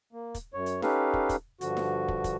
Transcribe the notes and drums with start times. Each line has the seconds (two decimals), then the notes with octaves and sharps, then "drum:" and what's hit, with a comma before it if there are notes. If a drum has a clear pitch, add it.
0.13 A#3
0.35 drum: kick, hi-hat
0.54 F#2 C#5
0.66 drum: hi-hat
0.82 C#4 D#4 G4 A4 B4 F5, drum: snare D#4
1.14 drum: kick
1.29 drum: kick, hi-hat
1.61 G2 D3 F3 F#4, drum: hi-hat
1.77 drum: snare D#4
2.08 drum: kick
2.24 drum: kick, hi-hat